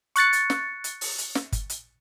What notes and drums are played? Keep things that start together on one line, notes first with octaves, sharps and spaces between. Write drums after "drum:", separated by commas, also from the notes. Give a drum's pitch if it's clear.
C#6 F#6 A6 C#7, drum: hi-hat
drum: hi-hat
drum: snare
drum: hi-hat
drum: open hi-hat
drum: hi-hat
drum: snare
drum: kick G1, hi-hat
drum: hi-hat